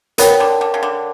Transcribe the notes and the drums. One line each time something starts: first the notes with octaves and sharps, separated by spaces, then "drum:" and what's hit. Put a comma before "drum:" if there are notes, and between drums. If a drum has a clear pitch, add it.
B3 A#4 C#5 G5, drum: hi-hat
D3
D3
C#3
D3